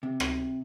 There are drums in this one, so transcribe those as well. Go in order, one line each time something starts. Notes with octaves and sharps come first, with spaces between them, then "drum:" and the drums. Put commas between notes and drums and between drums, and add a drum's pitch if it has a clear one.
C3
drum: rim click